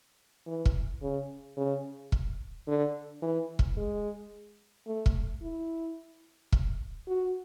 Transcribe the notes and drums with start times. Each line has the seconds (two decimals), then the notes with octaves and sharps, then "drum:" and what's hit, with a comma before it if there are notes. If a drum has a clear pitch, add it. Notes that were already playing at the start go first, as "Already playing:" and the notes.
0.47 E3
0.65 drum: kick
1.02 C#3
1.57 C#3
2.12 drum: kick
2.68 D3
3.22 E3
3.59 drum: kick
3.77 G#3
4.87 A3
5.06 drum: kick
5.42 E4
6.52 drum: kick
7.08 F#4